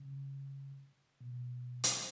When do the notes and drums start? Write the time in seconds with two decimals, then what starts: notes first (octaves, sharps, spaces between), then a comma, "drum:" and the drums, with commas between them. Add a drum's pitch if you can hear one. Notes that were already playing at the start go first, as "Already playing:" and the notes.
Already playing: C#3
1.21 B2
1.84 drum: hi-hat